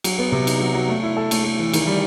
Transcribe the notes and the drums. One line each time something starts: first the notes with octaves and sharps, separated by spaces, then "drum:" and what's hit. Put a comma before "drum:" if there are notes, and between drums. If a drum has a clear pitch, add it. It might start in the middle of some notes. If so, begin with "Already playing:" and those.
F#3, drum: cymbal
B3
C3
D#4, drum: cymbal
F#3
F#3
A3
E4
A4
A3, drum: cymbal
A3
E3
D#3, drum: cymbal
G3